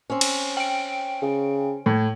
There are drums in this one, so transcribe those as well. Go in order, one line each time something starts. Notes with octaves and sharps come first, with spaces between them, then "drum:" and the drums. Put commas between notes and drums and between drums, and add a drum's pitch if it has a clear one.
C4 C#4
drum: cymbal
G5 D7
C#3
A2